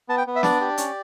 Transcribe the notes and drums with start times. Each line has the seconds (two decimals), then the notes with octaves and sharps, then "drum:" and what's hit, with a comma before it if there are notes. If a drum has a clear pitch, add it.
0.09 B3 A5
0.18 G5
0.27 B3
0.36 E5
0.43 D4 D5, drum: snare
0.61 G4
0.78 C#4, drum: hi-hat